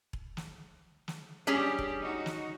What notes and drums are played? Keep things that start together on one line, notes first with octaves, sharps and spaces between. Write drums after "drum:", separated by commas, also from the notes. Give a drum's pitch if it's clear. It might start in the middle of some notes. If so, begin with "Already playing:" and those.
drum: kick E1
drum: snare
drum: snare
G3 C#4 D4 G4 G#4
drum: kick E1
D#4 F#4
drum: snare